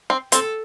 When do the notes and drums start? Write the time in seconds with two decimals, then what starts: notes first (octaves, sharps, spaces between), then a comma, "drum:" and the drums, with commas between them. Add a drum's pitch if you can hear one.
0.10 C4
0.32 C4 A4, drum: hi-hat